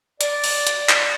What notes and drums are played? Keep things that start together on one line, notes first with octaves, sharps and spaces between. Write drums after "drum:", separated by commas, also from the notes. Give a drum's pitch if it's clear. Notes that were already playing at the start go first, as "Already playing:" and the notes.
D5, drum: hi-hat
drum: open hi-hat
drum: hi-hat
drum: clap